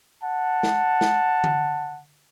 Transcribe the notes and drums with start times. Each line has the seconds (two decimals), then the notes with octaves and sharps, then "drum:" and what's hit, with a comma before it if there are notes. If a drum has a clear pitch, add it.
0.21 F#5 A5
0.63 drum: snare
1.01 drum: snare
1.44 drum: tom D3